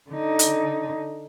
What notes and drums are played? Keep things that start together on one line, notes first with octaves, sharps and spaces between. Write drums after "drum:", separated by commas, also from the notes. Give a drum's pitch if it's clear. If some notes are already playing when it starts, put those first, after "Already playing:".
D3 D#4
drum: hi-hat